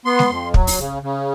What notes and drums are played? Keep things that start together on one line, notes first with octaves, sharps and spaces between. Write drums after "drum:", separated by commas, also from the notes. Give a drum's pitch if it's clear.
B3 C6
drum: snare G#3
F2
F#3, drum: kick
drum: open hi-hat
C#3
C#3